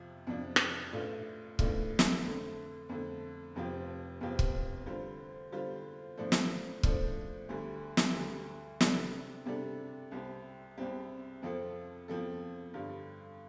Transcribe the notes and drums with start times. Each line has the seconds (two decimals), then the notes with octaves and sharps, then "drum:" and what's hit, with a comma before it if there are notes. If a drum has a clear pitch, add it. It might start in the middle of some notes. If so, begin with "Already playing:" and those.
Already playing: F2 C3 F3
0.27 F2 C3 F3 D4
0.56 drum: rim click
0.92 A1 A2 A3 D4 F4
1.59 A1 A2 A3 D4 F4, drum: kick
1.99 drum: snare
2.24 F2 D3 A3
2.89 F2 D3 A3
3.55 F1 F2 F3 C4 G4
4.21 F1 F2 F3 C4 G4
4.39 drum: kick
4.86 D3 G3 F4 C5
5.52 D3 G3 F4 C5
6.17 A2 F3 D4 A4 C5
6.32 drum: snare
6.83 A2 F3 D4 A4 C5, drum: kick
7.49 D2 D3 G3
7.97 drum: snare
8.14 D2 D3 G3
8.81 C3 G3 D4 A4, drum: snare
9.46 C3 G3 D4 A4
10.12 C2 C3 G3 C4
10.78 C2 C3 G3 C4
11.42 F2 F3 C4 A4
12.08 F2 F3 C4 A4
12.74 G2 D3 G3